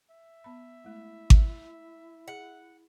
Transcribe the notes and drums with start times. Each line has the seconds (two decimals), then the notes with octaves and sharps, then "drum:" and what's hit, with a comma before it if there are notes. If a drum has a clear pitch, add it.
0.11 E5
0.44 B3 B5
0.84 G#3 A3 E4
1.30 drum: kick G#1
2.28 G#4 F#5